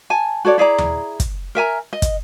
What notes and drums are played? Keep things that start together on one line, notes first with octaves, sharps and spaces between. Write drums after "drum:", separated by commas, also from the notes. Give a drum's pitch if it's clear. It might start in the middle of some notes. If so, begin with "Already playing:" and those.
G#5 A5
F#4 A4 C#5 D5
E4 G#4 D5 A#5
drum: tom D#2
drum: kick, hi-hat
A#4 E5 G#5 A#5
D#5
drum: kick, hi-hat